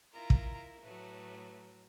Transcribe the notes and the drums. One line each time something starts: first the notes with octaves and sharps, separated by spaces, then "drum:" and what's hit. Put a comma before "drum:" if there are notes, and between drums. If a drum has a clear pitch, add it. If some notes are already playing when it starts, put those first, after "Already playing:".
E4 F4 A#4 A#5
drum: kick
A2 F#3 A3 B4